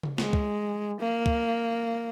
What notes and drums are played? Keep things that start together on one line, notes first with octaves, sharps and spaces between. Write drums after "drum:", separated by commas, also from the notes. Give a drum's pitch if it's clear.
drum: tom C#3
G#3, drum: snare
drum: kick
A#3
drum: kick